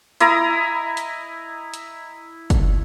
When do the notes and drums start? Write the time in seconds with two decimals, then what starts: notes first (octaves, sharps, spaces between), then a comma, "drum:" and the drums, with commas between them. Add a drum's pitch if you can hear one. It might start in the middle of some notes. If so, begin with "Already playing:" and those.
0.20 E4 D#5 A#5 D#6, drum: hi-hat
0.97 drum: hi-hat
1.74 drum: hi-hat
2.50 drum: kick, hi-hat